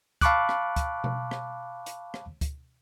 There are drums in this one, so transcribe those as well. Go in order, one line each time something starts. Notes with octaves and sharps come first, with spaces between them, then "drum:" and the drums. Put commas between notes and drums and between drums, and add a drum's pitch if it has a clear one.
F5 A5 B5 C#6 D6 F#6, drum: kick, hi-hat
drum: rim click
drum: kick, hi-hat
drum: tom B2
drum: rim click
drum: hi-hat
drum: rim click
drum: kick, hi-hat